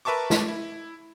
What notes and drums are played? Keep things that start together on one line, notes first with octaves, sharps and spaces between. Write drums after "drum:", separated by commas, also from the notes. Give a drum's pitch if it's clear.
A#4 B4 E5 A5 C#6 D6
drum: snare
E4